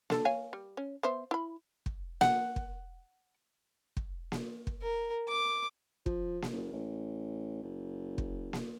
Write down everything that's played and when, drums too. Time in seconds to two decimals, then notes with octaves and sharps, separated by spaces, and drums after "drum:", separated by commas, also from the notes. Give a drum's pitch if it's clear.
0.10 D3 A4, drum: snare A#3
0.25 C#5 F5 G#5
0.53 G3
0.77 C#4
1.03 B3 C5 E5
1.31 E4 B5
1.86 drum: kick
2.21 F#5, drum: snare A#3
2.56 drum: kick
3.97 drum: kick
4.32 drum: snare A#3
4.67 drum: kick
4.82 A#4
5.28 D6
6.06 F3, drum: kick
6.42 drum: snare A#3
6.52 F#1
6.72 A1
7.63 F#1
8.18 drum: kick
8.53 drum: snare A#3